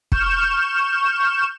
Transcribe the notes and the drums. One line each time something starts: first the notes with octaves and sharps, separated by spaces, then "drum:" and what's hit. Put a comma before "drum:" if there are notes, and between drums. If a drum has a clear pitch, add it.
C#6 F6 G6 E7, drum: kick